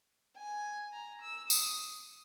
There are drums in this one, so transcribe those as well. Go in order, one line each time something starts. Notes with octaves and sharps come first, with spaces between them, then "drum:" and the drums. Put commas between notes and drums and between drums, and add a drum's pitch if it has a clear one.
G#5
A#5
E6
D#6, drum: tambourine